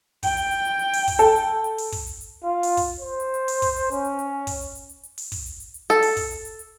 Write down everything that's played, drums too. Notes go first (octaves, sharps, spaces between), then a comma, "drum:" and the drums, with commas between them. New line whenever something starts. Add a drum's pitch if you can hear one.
G5, drum: kick, open hi-hat
drum: hi-hat
drum: hi-hat
drum: hi-hat
drum: hi-hat
drum: open hi-hat
drum: kick, open hi-hat
A4, drum: hi-hat
drum: hi-hat
drum: hi-hat
drum: open hi-hat
drum: kick, open hi-hat
drum: hi-hat
drum: hi-hat
F4
drum: open hi-hat
drum: kick, open hi-hat
C5
drum: hi-hat
drum: hi-hat
drum: open hi-hat
drum: kick, open hi-hat
drum: hi-hat
C#4, drum: hi-hat
drum: hi-hat
drum: hi-hat
drum: kick, open hi-hat
drum: hi-hat
drum: hi-hat
drum: hi-hat
drum: hi-hat
drum: open hi-hat
drum: kick, open hi-hat
drum: hi-hat
drum: hi-hat
drum: hi-hat
A4, drum: hi-hat
drum: open hi-hat
drum: kick, open hi-hat
drum: hi-hat
drum: hi-hat
drum: hi-hat